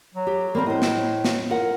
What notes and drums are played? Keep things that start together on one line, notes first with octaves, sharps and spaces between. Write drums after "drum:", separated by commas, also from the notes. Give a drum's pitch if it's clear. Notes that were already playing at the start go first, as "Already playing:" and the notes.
F#3
G4
G3 A#3 C4 A#4
A2 C5 D#5
drum: snare
drum: snare
F4 A#4 F#5